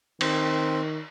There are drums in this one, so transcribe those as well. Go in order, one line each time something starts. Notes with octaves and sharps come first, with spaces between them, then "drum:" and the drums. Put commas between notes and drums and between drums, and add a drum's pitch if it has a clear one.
D#3 C4, drum: cymbal